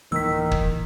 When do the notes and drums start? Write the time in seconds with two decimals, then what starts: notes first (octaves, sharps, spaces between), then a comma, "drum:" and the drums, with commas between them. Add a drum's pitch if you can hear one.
0.12 D1 D#3 E3 A#3 E6 B6
0.51 drum: kick